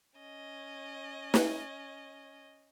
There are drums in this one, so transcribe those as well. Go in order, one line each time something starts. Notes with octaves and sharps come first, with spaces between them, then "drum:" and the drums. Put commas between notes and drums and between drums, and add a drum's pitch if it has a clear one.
C#4 D#5
drum: snare